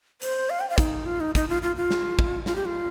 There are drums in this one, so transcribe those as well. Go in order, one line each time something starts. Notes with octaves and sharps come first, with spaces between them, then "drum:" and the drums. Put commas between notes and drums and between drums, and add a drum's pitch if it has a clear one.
C5, drum: hi-hat
F5
G5
F5
D#4, drum: kick, hi-hat
F4
D#4
D#4, drum: kick, hi-hat
F4
F4
F4
drum: snare
drum: kick
F4, drum: snare
G4
F4